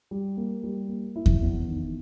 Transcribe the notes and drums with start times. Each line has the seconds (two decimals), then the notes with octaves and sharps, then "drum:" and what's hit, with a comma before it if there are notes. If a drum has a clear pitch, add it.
0.11 G3
0.37 A#3
0.63 G3
0.89 A#3
1.16 E4
1.26 drum: kick E2
1.42 E2
1.68 D#3